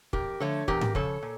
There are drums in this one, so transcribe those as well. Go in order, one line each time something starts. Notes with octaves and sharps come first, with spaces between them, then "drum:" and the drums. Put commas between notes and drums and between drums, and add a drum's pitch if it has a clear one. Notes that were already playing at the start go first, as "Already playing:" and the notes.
F2 G4 A#4, drum: kick
D3 F3 A3 A4 C#5
E2 G4 A#4, drum: kick
drum: tom G#2
C#3 F3 A4 C#5, drum: kick
A#2